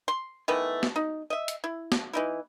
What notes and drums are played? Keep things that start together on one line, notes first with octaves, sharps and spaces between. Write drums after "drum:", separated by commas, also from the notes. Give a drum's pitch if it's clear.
C6
D#3 E3 A3 B3
drum: snare
D#4
D#5 E5
drum: hi-hat
E4
drum: snare
E3 D#4 E4